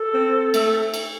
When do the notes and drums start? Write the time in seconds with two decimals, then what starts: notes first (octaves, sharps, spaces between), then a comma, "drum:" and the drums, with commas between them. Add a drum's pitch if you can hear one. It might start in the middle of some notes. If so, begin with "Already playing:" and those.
Already playing: A4
0.14 C4
0.54 A3, drum: cymbal
0.94 drum: cymbal